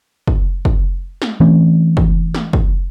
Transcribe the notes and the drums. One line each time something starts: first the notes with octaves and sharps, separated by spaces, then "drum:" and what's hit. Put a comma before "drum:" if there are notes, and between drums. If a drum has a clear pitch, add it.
drum: kick
drum: kick
drum: snare
E3 A3 C4 C#4
drum: kick
drum: snare
drum: kick